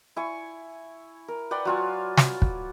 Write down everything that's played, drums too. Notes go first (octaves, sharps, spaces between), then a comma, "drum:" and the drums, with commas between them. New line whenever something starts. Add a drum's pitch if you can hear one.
E4 G#5 C#6
A#4
B4 D5 F#5 G5
F#3 F4 G#5
drum: snare
drum: kick